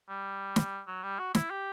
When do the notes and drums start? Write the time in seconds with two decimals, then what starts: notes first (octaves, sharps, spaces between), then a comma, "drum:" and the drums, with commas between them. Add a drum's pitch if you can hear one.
0.09 G3
0.56 drum: snare
0.87 F#3
1.03 G3
1.19 F#4
1.35 E4, drum: snare
1.51 G4